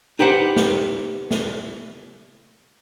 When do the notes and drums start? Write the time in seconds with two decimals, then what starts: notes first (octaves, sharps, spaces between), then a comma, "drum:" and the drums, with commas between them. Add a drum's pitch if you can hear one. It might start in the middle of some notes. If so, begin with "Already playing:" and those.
0.19 D#4 G4 B4 C5 F#5
0.56 drum: snare
1.31 drum: snare